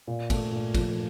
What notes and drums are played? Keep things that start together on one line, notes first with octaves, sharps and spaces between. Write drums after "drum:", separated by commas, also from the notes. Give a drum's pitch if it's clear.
A#2
A3, drum: kick, cymbal
A#2
F3, drum: kick, cymbal